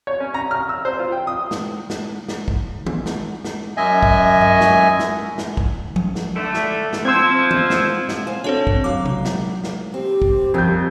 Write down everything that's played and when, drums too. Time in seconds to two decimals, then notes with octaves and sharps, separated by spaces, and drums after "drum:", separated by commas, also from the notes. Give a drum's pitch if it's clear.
0.07 C#5
0.20 C#4
0.34 A#5
0.51 F6
0.69 E6
0.85 C5
0.99 F4
1.12 G5
1.27 D#6
1.51 drum: snare
1.90 drum: snare
2.28 drum: snare
2.48 drum: kick
2.86 drum: tom D#3
3.06 drum: snare
3.45 drum: snare
3.77 F#2 D#5 E5 G#5
4.03 drum: kick
4.41 drum: tom G2
4.61 drum: snare
4.99 drum: snare
5.38 drum: snare
5.57 drum: kick
5.96 drum: tom F3
6.15 drum: snare
6.36 D3 A3
6.54 drum: snare
6.93 drum: snare
7.05 F3 C4 C6 E6 G#6
7.51 drum: tom D#3
7.70 drum: snare
8.09 drum: snare
8.27 C5 F5 G#5
8.44 C4 D4 F#4 A4 C#5
8.67 drum: kick
8.84 F#3 F5 D6
9.06 drum: tom C3
9.25 drum: snare
9.64 drum: snare
9.94 C4 G4
10.22 drum: kick
10.54 F2 D#3 G3 F4 G6